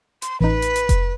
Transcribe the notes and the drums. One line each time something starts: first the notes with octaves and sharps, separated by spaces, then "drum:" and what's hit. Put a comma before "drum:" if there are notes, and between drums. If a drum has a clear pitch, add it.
C6, drum: hi-hat
A1 D#4 B4
drum: hi-hat
drum: hi-hat
drum: kick F1, hi-hat